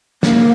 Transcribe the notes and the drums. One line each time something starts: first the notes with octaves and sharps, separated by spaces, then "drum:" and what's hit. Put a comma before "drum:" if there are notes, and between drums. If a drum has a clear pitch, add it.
A#3, drum: snare